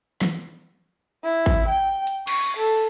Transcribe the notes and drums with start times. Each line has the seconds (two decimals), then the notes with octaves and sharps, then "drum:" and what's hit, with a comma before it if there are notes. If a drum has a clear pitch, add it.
0.22 drum: snare
1.23 E4
1.46 drum: kick G#1
1.68 G5
2.07 drum: hi-hat
2.27 C#6, drum: cymbal
2.57 A4